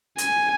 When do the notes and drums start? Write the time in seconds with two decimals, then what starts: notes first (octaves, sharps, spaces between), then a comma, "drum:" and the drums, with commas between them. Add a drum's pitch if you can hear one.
0.18 G#5, drum: hi-hat